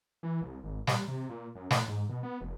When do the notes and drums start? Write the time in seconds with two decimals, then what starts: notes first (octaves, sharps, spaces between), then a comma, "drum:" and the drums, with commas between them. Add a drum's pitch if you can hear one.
0.23 E3
0.42 C2
0.64 G#1
0.87 G3, drum: snare
1.08 C3
1.29 A#2
1.55 F#2
1.71 A2, drum: snare
1.88 G#2
2.09 B2
2.23 B3
2.41 F1